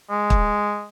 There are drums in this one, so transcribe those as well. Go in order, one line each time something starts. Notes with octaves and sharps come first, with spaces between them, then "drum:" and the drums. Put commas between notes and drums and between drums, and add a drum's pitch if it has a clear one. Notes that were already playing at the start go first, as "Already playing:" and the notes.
G#3
drum: kick